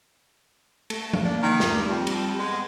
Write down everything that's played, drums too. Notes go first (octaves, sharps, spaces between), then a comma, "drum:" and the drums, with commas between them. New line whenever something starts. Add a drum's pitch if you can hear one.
A3, drum: cymbal
drum: tom F3
A#3 D4
D#3
drum: snare
G2 G3
F2
drum: cymbal
G#3 B3